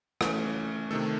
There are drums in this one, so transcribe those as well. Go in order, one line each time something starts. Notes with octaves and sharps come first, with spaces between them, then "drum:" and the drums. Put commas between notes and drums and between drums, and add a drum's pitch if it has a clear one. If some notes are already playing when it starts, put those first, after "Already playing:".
E3 A3 C#4, drum: rim click
C3 D#3 A3 A4